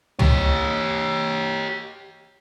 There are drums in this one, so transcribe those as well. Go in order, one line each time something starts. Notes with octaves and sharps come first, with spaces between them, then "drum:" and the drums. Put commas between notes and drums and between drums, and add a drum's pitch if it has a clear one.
G4 C#5, drum: tom